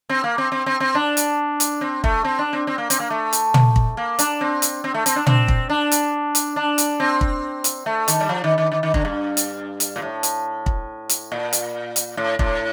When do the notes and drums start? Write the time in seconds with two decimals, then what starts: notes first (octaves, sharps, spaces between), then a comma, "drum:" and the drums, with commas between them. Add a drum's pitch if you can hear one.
0.09 C4
0.24 A#3
0.38 C4
0.52 C4
0.66 C4
0.80 C4
0.95 D4
1.17 drum: hi-hat
1.60 drum: hi-hat
1.81 C4
2.04 A3, drum: kick
2.24 C4
2.39 D4
2.53 C4
2.67 C4
2.78 A#3
2.90 C4, drum: hi-hat
3.00 A#3
3.10 A3
3.33 drum: hi-hat
3.54 drum: tom
3.76 drum: kick
3.97 A#3
4.19 D4, drum: hi-hat
4.41 C4
4.62 drum: hi-hat
4.84 C4
4.94 A3
5.06 C4, drum: hi-hat
5.16 D4
5.26 C4, drum: tom
5.48 drum: kick
5.70 D4
5.92 drum: hi-hat
6.35 drum: hi-hat
6.56 D4
6.78 drum: hi-hat
7.00 C4
7.21 drum: kick
7.64 drum: hi-hat
7.86 A3
8.08 D#3, drum: hi-hat
8.20 G3
8.29 F3
8.44 D#3
8.58 D#3
8.72 D#3
8.83 D#3
8.94 D3, drum: kick
9.05 G2
9.37 drum: hi-hat
9.80 drum: hi-hat
9.96 A#2
10.02 A2
10.23 drum: hi-hat
10.66 drum: kick
11.09 drum: hi-hat
11.32 A#2
11.53 drum: hi-hat
11.96 drum: hi-hat
12.17 A2
12.39 A2, drum: kick